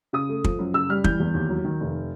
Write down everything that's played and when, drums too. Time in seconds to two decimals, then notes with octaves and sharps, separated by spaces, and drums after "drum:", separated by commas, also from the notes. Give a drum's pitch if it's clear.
0.13 C#3 D#6
0.29 A3
0.44 F3, drum: kick
0.59 F#2
0.74 C#3 E6
0.90 G3 F6
1.04 E3 G6, drum: kick
1.20 E2
1.34 D#2
1.49 F#3
1.64 D#3
1.80 F1